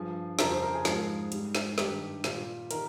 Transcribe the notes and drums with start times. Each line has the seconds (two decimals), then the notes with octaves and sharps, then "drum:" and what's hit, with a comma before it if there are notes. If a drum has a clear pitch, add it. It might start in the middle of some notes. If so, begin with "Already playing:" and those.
Already playing: G2 F3 G#4
0.39 F2 C#3 G3 A#4, drum: snare
0.50 C5
0.63 A#4
0.74 G#4
0.85 G#2 F3 G#4, drum: snare
1.32 G#2 G3, drum: hi-hat
1.55 drum: snare
1.78 G2 D#3 G3 G4, drum: snare
2.24 A#2 G3, drum: snare
2.71 D#3 A#4, drum: hi-hat